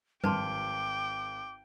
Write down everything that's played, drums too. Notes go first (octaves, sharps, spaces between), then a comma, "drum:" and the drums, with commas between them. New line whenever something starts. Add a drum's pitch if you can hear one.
G#1 B4 G5 A5 C6 D6, drum: tom G3